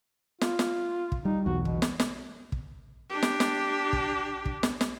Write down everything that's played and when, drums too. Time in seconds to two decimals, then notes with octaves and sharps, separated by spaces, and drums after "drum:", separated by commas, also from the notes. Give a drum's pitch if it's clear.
0.41 F4, drum: snare
0.59 drum: snare
1.12 drum: kick
1.25 G3 D#4
1.46 B1 E2 F#4
1.65 B2, drum: kick
1.82 drum: snare
2.00 drum: snare
2.52 drum: kick
3.10 D4 G4
3.23 drum: snare
3.40 drum: snare
3.93 drum: kick
4.45 drum: kick
4.63 drum: snare
4.81 drum: snare